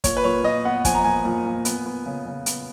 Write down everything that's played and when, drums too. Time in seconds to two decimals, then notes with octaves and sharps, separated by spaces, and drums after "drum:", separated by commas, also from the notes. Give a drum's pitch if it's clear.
0.04 A#2 C#5, drum: kick, hi-hat
0.17 B4
0.24 A#2 C#5
0.44 A#2 D#5
0.65 B3 F#5
0.85 F3 G#5, drum: kick, hi-hat
0.94 A#5
1.04 A#2 G#5
1.25 A#2
1.46 A#2
1.65 B3, drum: hi-hat
1.86 B3
2.06 C#3
2.26 C#3
2.46 B3, drum: hi-hat